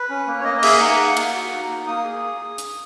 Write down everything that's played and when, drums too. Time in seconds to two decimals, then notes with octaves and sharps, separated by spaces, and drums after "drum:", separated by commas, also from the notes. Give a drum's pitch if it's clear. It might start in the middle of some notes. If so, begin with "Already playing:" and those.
Already playing: B4
0.10 C#4
0.27 A#3
0.40 C#5
0.44 A#3 D#5
0.58 D#5
0.63 G#4 E5, drum: cymbal
0.80 D#4 F#5
0.98 A#3 F#5
1.17 A#3, drum: cymbal
1.34 F#4
1.52 D#4
1.69 A#3
1.87 A#3 D#6
2.04 G#4
2.58 drum: hi-hat